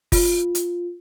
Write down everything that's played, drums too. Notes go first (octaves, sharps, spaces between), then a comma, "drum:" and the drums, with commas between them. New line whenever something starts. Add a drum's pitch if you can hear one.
F4, drum: kick F#1, open hi-hat
drum: hi-hat